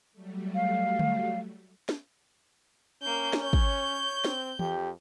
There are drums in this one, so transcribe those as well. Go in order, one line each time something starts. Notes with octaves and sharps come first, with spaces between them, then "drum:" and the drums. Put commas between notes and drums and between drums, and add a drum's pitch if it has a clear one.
F#3 G3 A3
F5
drum: tom D3
drum: snare
A#3 C#4 G6
drum: snare
C#5 G6
drum: kick
C4, drum: snare
F2 G4, drum: tom E3